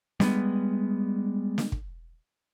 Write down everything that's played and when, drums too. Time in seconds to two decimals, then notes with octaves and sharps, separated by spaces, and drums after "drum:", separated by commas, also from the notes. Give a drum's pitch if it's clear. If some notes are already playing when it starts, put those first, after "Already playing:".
0.20 G3 G#3 A#3 B3, drum: snare
1.58 drum: snare
1.72 drum: kick